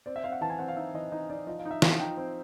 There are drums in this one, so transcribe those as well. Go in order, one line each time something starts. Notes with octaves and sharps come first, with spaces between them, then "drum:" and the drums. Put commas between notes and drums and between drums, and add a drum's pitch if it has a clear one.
C4 D5
E5
C4 F5
F#5
E3 A5
G#5
C4 F#5
F5
D#4 E5
E3 D#5
D#4 D#5
D#4 D5
F3 D#5
F5
D#4
E5
F3 F5, drum: snare
D#4 G5
C4